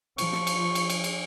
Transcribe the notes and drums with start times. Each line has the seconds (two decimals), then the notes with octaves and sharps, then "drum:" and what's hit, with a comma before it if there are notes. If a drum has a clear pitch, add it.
0.18 F3 C#6, drum: cymbal
0.33 drum: snare
0.47 drum: cymbal
0.75 drum: cymbal
0.90 drum: cymbal
1.04 drum: cymbal